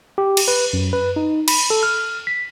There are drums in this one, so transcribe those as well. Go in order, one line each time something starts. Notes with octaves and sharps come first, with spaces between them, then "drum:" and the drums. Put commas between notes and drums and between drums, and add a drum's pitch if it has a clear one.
G4
drum: cymbal
B4
F#2
B4
D#4
B5, drum: cymbal
A4
F6
B6